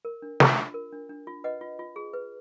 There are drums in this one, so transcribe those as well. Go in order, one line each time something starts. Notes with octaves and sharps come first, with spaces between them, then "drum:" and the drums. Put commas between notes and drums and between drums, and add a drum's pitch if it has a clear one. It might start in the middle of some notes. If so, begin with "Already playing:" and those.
A#4
D4
D4, drum: snare
F4
A#4
D4
D4
F4
B4 D#5 F#5
F4
F4
G#4
B4